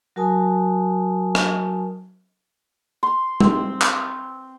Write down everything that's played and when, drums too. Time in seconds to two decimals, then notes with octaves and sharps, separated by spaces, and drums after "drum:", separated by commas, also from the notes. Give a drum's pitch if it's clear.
0.16 F#3 F#4 A#4 G#5 A5 D#6
1.35 drum: rim click
3.03 C6
3.40 C4, drum: tom G3
3.81 drum: clap